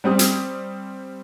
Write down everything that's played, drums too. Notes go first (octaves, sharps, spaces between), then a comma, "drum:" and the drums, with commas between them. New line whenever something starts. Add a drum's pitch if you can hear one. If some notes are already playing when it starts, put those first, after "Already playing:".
G3 C4 G4 D#6
drum: hi-hat